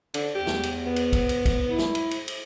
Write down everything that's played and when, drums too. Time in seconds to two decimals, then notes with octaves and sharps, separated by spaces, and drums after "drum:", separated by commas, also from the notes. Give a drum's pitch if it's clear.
0.14 D3, drum: cymbal
0.35 E2 G4
0.47 drum: snare
0.63 drum: cymbal
0.87 B3
0.96 drum: cymbal
1.13 drum: kick, cymbal
1.29 drum: cymbal
1.46 drum: kick, cymbal
1.68 E4
1.78 drum: snare
1.95 drum: cymbal
2.11 drum: cymbal
2.28 drum: cymbal